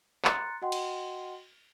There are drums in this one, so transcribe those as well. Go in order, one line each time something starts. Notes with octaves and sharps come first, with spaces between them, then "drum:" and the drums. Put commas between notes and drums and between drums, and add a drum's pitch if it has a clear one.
A#5 C6 F#6 A6 C#7, drum: clap
F#4 D#5 F#5 G5 C6
drum: cymbal